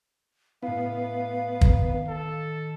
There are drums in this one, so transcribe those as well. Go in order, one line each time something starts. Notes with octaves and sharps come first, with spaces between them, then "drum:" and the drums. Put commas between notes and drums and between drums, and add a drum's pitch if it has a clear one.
A2 B3 E4 F5
D#3, drum: kick
A4